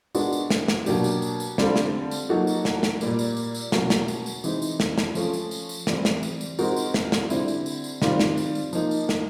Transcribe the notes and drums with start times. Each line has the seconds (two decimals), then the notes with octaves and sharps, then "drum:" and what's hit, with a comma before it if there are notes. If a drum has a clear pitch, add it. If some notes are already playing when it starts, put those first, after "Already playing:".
0.15 G#3 B3 D4 F#4 A#4, drum: tambourine
0.33 drum: tambourine
0.50 drum: snare
0.68 drum: snare
0.86 B2 F#3 A#3 D4 G4, drum: tambourine
1.04 drum: tambourine
1.22 drum: tambourine
1.40 drum: tambourine
1.58 D3 G3 C4 F4 A4, drum: snare
1.76 drum: snare
2.11 drum: tambourine
2.29 F#3 A#3 D#4 F#4 A4
2.47 drum: tambourine
2.65 drum: snare
2.83 drum: snare
3.01 A#2 G3 A#3, drum: tambourine
3.19 drum: tambourine
3.37 drum: tambourine
3.55 drum: tambourine
3.72 B2 F#3 A#3 C#4, drum: snare
3.90 drum: snare
4.08 drum: tambourine
4.26 drum: tambourine
4.44 E3 G#3 C4 D#4, drum: tambourine
4.62 drum: tambourine
4.80 drum: snare
4.98 drum: snare
5.15 F3 A3 C#4 F4, drum: tambourine
5.33 drum: tambourine
5.51 drum: tambourine
5.69 drum: tambourine
5.87 E3 G3 C4, drum: snare
6.05 drum: snare
6.23 drum: tambourine
6.41 drum: tambourine
6.59 G#3 C4 D#4 F#4 A#4, drum: tambourine
6.76 drum: tambourine
6.94 drum: snare
7.12 drum: snare
7.30 D3 G3 C4 E4, drum: tambourine
7.48 drum: tambourine
7.66 drum: tambourine
7.84 drum: tambourine
8.02 D#3 G3 C4 F4, drum: snare
8.20 drum: snare
8.37 drum: tambourine
8.55 drum: tambourine
8.73 F3 A#3 D#4, drum: tambourine
8.91 drum: tambourine
9.09 drum: snare